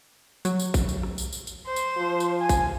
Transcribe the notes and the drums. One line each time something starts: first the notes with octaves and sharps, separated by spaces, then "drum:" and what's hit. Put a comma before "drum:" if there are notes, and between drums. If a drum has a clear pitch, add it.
F#3, drum: tambourine
drum: tambourine
drum: kick A1, tambourine
drum: tambourine
drum: rim click
drum: tambourine
drum: tambourine
drum: tambourine
C5
drum: tambourine
F3
drum: tambourine
G#5
drum: kick A1, tambourine